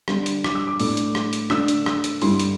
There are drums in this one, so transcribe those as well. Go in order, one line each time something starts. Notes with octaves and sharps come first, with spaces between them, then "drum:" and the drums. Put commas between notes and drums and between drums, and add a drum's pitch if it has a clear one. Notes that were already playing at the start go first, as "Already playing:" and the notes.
D3 G3 D4 C6, drum: rim click
drum: hi-hat
D6, drum: rim click
E6
D6
A2 A3 D4, drum: open hi-hat
drum: hi-hat
drum: rim click
drum: hi-hat
D3 A3 D4 E6, drum: rim click
drum: hi-hat
E6, drum: rim click
drum: hi-hat
G2 D3 G3 E4 C6, drum: open hi-hat
drum: hi-hat